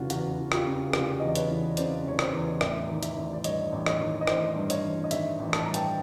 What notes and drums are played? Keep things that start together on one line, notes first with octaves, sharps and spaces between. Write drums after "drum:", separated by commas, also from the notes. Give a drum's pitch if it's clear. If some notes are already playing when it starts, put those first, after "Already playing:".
Already playing: F1 C#3 E3 F4 F#4
E2 F#4, drum: hi-hat
E3
F4 G4, drum: rim click
C#3
G#4
F1 F4 G4, drum: rim click
E2 D#5
D5
B4 C#5, drum: hi-hat
E3
C#3 C5 D5, drum: hi-hat
F1 C#5
C5 D5, drum: rim click
E2
A1 D5 E5, drum: rim click
D#3
D5 E5, drum: hi-hat
A1
D5
G2 C#5 D#5, drum: hi-hat
A1
C#5 D#5, drum: rim click
D#3
D#5
A1 C5 D5, drum: rim click
G2
C#5 D#5, drum: hi-hat
A1
D#5
D#3 D5 E5, drum: hi-hat
A1
A5, drum: rim click
G2 A#5
G5 A5, drum: hi-hat